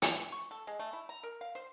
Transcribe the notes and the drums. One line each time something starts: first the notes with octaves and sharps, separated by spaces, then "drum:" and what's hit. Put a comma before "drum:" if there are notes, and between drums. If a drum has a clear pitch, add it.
E3, drum: hi-hat
C#6
A4
G#3
A3
E4
A#5
A#4
F5
C5